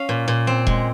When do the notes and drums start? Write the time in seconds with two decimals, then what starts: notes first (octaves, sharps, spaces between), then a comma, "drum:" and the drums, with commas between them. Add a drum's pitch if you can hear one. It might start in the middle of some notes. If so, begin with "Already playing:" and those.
Already playing: C#4 F5
0.09 A#2
0.28 A#2
0.47 C4
0.67 G#3, drum: kick E1